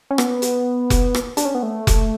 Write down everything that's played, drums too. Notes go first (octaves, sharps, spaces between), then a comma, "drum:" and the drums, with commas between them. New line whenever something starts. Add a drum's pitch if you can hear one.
C#4
B3, drum: rim click
drum: hi-hat
drum: kick F1, hi-hat
drum: rim click
D4, drum: hi-hat
C#4
B3
A3
drum: kick F1, hi-hat